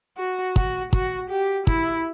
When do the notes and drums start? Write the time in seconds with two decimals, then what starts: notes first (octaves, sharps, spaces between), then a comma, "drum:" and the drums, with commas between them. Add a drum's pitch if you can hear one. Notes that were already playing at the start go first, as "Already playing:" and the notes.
0.18 F#4
0.56 F#4, drum: kick
0.93 F#4, drum: kick
1.30 G4
1.67 E4, drum: kick